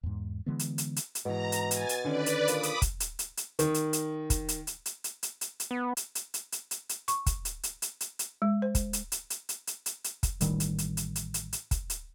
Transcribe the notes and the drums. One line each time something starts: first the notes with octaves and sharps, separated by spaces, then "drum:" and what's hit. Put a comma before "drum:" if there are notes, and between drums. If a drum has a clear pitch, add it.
E2 G#2
D3 E3 G#3 B3
drum: hi-hat
drum: hi-hat
drum: hi-hat
drum: hi-hat
G#2 B2 E3 A#5
drum: hi-hat
G#5 A6, drum: hi-hat
drum: hi-hat
D3 D#3 C#4 B4 D5
drum: hi-hat
A#2 B5 D6 D#6, drum: hi-hat
drum: hi-hat
drum: kick, hi-hat
drum: hi-hat
drum: hi-hat
drum: hi-hat
D#3, drum: hi-hat
drum: hi-hat
drum: hi-hat
drum: kick, hi-hat
drum: hi-hat
drum: hi-hat
drum: hi-hat
drum: hi-hat
drum: hi-hat
drum: hi-hat
drum: hi-hat
B3
drum: hi-hat
drum: hi-hat
drum: hi-hat
drum: hi-hat
drum: hi-hat
drum: hi-hat
C#6, drum: hi-hat
drum: kick, hi-hat
drum: hi-hat
drum: hi-hat
drum: hi-hat
drum: hi-hat
drum: hi-hat
G#3
C5
drum: kick, hi-hat
drum: hi-hat
drum: hi-hat
drum: hi-hat
drum: hi-hat
drum: hi-hat
drum: hi-hat
drum: hi-hat
drum: kick, hi-hat
A1 A2 D#3 G3, drum: hi-hat
drum: hi-hat
drum: hi-hat
drum: hi-hat
drum: hi-hat
drum: hi-hat
drum: hi-hat
drum: kick, hi-hat
drum: hi-hat